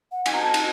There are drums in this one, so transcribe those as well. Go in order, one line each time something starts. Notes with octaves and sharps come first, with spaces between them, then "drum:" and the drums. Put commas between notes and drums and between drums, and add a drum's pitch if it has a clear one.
F#5
G#5, drum: cymbal
A#5
A5
drum: cymbal